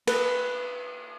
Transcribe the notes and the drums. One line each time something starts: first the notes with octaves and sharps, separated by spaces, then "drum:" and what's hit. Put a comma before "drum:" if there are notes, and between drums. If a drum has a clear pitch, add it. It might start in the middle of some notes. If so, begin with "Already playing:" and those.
B4, drum: cymbal